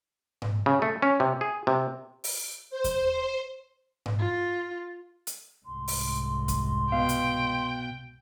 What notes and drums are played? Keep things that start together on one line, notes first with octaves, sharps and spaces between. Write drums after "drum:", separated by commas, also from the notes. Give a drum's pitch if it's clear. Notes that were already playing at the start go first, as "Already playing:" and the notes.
drum: tom G#2
C#3
A3
C#4
C3
G#4
C3
drum: open hi-hat
C5
drum: kick E2, hi-hat
drum: tom G#2
F4
drum: hi-hat
C2 G#2 C6
drum: open hi-hat
drum: kick E2, hi-hat
B2 F5 G5
drum: hi-hat